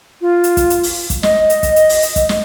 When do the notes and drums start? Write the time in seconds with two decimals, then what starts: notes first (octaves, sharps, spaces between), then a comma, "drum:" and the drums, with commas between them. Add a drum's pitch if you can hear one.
0.21 F4
0.44 drum: hi-hat
0.57 drum: kick, hi-hat
0.70 drum: hi-hat
0.83 drum: open hi-hat
1.10 drum: kick, hi-hat
1.23 D#5, drum: snare
1.50 drum: hi-hat
1.63 drum: kick, hi-hat
1.76 drum: hi-hat
1.89 drum: open hi-hat
2.03 drum: hi-hat
2.16 drum: kick, hi-hat
2.29 drum: snare